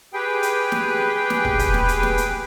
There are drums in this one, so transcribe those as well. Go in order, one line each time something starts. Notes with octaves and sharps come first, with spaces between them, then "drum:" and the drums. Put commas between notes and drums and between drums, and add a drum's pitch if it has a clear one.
G4 G#4 B4 G5
drum: hi-hat
drum: snare
drum: snare
drum: kick
drum: kick, hi-hat
drum: snare
drum: hi-hat
drum: snare
drum: hi-hat